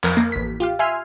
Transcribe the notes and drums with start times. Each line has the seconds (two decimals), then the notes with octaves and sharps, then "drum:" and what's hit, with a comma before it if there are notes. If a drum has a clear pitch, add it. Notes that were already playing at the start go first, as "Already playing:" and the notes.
0.04 F2 A#4, drum: clap
0.17 A#3
0.32 A1 B6
0.60 F4 G4 F5
0.79 E5 G#5 C6 F6